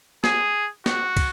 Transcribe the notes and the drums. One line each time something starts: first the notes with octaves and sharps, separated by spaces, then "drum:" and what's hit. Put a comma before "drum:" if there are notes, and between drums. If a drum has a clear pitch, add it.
G#4, drum: snare
F#4, drum: snare
drum: kick, cymbal